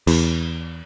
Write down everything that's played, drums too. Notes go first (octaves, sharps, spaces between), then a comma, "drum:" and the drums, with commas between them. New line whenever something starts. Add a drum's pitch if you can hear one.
E2, drum: cymbal